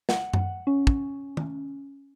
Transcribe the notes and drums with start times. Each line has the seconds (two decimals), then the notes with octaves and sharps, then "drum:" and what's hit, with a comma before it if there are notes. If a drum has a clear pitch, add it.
0.09 F#5, drum: snare
0.33 drum: tom F#2
0.67 C#4
0.87 drum: kick
1.37 drum: tom D#3